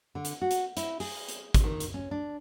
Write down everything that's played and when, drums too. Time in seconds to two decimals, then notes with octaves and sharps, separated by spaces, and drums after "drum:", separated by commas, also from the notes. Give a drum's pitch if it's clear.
0.15 D3
0.25 drum: hi-hat
0.41 F#4
0.51 drum: hi-hat
0.77 E4, drum: hi-hat
1.00 G#4, drum: open hi-hat
1.29 drum: hi-hat
1.54 drum: kick G#1, hi-hat
1.64 D#3
1.80 drum: hi-hat
1.94 C#4
2.11 D4